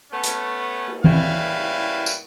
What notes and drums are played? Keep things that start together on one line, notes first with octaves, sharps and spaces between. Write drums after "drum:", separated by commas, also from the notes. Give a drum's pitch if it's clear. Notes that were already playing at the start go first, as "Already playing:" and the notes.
A3 B3 C#4
drum: hi-hat
drum: cymbal
A2 C#3 G3 E4 B4 F5, drum: tom E3
drum: tambourine